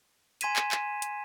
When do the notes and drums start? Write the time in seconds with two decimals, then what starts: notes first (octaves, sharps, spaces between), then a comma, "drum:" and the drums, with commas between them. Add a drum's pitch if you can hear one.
0.41 G#5 C6 G#6 B6 D#7 E7, drum: hi-hat
0.56 drum: clap
0.72 drum: clap
1.02 drum: hi-hat